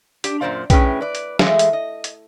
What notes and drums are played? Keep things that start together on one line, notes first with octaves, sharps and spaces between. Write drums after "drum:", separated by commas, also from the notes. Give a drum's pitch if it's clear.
D4 G4, drum: hi-hat
F#2 A#2 A3 C5 D5 F5
A2 C#4 E4 G#4 B4 G5, drum: kick, hi-hat
B4 D5
drum: hi-hat
E3 F3 G#3 A3 G#4 F5, drum: snare
drum: hi-hat
D#5
drum: hi-hat